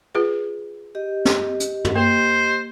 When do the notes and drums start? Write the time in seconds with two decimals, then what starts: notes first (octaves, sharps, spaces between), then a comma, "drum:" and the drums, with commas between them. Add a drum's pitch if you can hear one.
0.15 F4 G#4 B4
0.95 G4 D#5
1.25 drum: snare
1.60 drum: hi-hat
1.85 drum: tom
1.96 A#3 A#4 C5